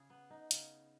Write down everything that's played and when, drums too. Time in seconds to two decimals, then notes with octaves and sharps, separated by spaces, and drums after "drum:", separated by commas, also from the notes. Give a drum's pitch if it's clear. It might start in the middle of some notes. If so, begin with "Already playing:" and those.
Already playing: C#3 G#4
0.10 B3
0.30 D#4
0.51 C#3, drum: hi-hat